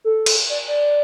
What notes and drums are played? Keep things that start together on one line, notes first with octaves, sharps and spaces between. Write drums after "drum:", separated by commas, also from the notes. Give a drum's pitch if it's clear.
A4
drum: cymbal
D5
D5